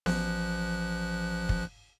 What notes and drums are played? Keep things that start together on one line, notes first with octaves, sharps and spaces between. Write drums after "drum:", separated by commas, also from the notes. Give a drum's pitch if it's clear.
A1 F3 F#6, drum: snare B3
drum: kick